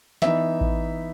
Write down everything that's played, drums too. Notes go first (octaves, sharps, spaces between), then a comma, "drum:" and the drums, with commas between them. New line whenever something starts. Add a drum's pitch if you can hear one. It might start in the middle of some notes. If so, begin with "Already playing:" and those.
E3 B3 D#4 E5, drum: snare
drum: kick A1